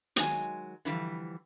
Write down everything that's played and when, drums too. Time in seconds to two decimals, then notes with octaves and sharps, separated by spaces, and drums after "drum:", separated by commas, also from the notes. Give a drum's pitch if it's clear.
0.16 D#3 F#3 G#3 G#5, drum: hi-hat
0.85 D3 E3 F3 G3